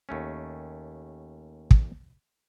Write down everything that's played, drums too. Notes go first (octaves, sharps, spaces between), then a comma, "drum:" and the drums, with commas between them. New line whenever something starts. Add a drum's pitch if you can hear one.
D#2 A3 C#4
drum: kick